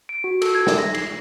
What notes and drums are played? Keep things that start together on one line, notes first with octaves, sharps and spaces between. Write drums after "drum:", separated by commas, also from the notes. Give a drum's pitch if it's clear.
D7
F#4
A4, drum: cymbal
G#6
drum: snare
A#6
C7, drum: cymbal